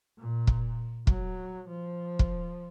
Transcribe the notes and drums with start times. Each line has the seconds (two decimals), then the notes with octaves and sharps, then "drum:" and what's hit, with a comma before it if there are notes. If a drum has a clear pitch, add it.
0.19 A#2
0.47 drum: kick
1.07 F#3, drum: kick
1.68 F3
2.19 drum: kick